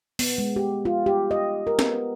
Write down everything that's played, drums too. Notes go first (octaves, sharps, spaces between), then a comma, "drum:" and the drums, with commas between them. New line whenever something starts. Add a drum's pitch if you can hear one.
B3, drum: open hi-hat
G#3
G4
F4
G4
D#5
A#4
B3, drum: snare